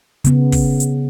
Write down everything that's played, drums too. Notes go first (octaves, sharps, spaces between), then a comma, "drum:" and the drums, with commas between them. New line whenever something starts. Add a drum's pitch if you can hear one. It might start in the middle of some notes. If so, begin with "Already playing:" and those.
C#3 B3, drum: hi-hat
drum: kick, open hi-hat
drum: hi-hat